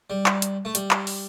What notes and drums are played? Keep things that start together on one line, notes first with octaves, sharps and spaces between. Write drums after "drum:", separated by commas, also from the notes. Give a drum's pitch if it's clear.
G3
drum: clap
drum: hi-hat
A3
G3, drum: hi-hat
drum: clap
drum: open hi-hat